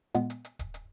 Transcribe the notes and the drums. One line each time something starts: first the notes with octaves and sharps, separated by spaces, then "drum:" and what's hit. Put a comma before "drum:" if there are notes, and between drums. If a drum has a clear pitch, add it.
A#2 G#3 B3, drum: hi-hat
drum: hi-hat
drum: hi-hat
drum: kick D1, hi-hat
drum: hi-hat